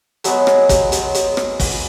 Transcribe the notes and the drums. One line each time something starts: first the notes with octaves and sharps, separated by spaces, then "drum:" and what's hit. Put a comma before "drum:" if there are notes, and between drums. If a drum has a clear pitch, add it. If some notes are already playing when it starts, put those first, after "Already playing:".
F#3 G#3 B3 C#5, drum: hi-hat
drum: rim click
drum: kick, hi-hat
drum: hi-hat
drum: hi-hat
drum: rim click
drum: kick, open hi-hat